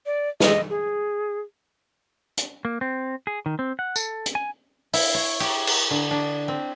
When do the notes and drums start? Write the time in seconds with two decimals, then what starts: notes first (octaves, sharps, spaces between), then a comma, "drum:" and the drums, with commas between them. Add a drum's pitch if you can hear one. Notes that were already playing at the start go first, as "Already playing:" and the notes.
0.06 D5
0.40 D#5, drum: snare
0.70 G#4
2.37 drum: hi-hat
2.65 A#3
2.81 C4
3.27 G#4
3.46 D#3
3.59 C4
3.79 F#5
3.96 A4, drum: tambourine
4.26 drum: hi-hat
4.35 G#5
4.93 E4, drum: open hi-hat
5.14 C#5
5.40 G4, drum: cymbal
5.67 drum: cymbal
5.91 D3
6.11 D4
6.48 C4